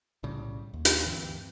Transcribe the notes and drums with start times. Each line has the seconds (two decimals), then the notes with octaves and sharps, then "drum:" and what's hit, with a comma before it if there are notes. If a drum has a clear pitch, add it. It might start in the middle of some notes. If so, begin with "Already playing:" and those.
0.23 B1 A2 C#3 G3
0.73 D#2
0.85 drum: hi-hat
1.06 D2 G2 E3 C4